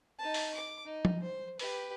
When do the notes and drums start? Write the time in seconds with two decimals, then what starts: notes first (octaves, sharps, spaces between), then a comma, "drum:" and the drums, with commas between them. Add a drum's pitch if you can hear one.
0.18 D#4 A5
0.34 drum: open hi-hat
0.54 D6
0.85 D#4
1.05 drum: tom F3
1.23 C5
1.59 G4 B4, drum: open hi-hat